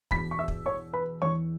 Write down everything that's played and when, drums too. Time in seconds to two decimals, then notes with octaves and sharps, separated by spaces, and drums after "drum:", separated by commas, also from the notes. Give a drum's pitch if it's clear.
0.11 E2 B2 B5 B6, drum: kick
0.31 C#6
0.39 E5 E6
0.48 drum: kick
0.66 C#5 C#6
0.93 B4 B5
1.22 E2 E3 C#5 C#6